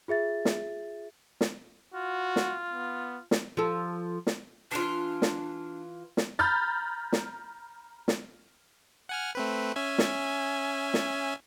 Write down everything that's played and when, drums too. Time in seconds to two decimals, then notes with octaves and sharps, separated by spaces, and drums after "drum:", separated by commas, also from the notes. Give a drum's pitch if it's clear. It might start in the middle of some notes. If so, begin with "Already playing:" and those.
0.08 F4 G#4 E5 A6
0.45 drum: snare
1.41 drum: snare
1.94 F4 F#4
2.36 drum: snare
2.74 B3
3.31 drum: snare
3.57 F3 A4
4.27 drum: snare
4.71 E3 D4 F4
5.22 drum: snare
6.17 drum: snare
6.39 A#5 B5 F6 G6 A6
7.12 drum: snare
8.08 drum: snare
9.09 F#5 G#5 F6
9.35 A3 C4 B4
9.76 C#4 E5 G#5
9.98 drum: snare
10.94 drum: snare